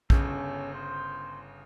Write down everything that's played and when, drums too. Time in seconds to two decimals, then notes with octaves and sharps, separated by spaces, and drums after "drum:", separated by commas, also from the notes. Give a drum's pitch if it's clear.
0.10 G1 C#3 C#4 A4 G6, drum: kick A#1
0.73 C5